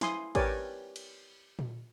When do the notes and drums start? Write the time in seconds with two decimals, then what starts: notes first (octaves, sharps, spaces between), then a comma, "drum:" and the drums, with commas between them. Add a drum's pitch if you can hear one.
0.01 E4 G#5 C6 D#6, drum: snare
0.35 G4 A#4 B4 C#5 D5 G#5, drum: kick A1, cymbal
0.96 drum: cymbal
1.59 drum: tom A#2